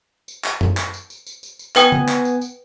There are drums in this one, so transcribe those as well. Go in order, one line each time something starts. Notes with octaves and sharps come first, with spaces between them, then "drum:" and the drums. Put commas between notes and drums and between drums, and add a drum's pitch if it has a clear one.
drum: tambourine
drum: clap
drum: tom F#2
drum: clap
drum: tambourine
drum: tambourine
drum: tambourine
drum: tambourine
drum: tambourine
B3 B4 G5 G#5 D#6, drum: clap
drum: tom
drum: clap
drum: tambourine
drum: tambourine